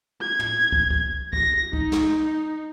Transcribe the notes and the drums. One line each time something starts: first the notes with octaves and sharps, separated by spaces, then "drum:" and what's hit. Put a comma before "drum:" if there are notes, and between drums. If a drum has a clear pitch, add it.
G#6
drum: tom
drum: kick
drum: kick
A#6, drum: kick
D#4, drum: kick
drum: snare